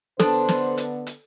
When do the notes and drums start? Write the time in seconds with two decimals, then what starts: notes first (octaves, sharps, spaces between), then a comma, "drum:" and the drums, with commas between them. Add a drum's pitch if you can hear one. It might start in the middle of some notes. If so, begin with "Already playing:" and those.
0.20 D3 B3 D4 A4 C5, drum: snare
0.49 drum: snare
0.78 drum: hi-hat
1.07 drum: hi-hat